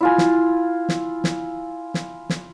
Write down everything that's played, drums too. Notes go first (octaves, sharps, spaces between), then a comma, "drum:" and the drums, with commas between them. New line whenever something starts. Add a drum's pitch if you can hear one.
E4 F4 G#5
drum: snare
drum: snare
drum: snare
drum: snare
drum: snare